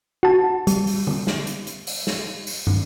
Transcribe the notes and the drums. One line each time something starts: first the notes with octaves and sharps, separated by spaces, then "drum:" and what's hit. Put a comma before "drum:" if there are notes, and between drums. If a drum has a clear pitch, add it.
F#4 A5
G3, drum: hi-hat
drum: open hi-hat
drum: tom D3
drum: snare
drum: hi-hat
drum: hi-hat
drum: open hi-hat
drum: snare
drum: open hi-hat
drum: tom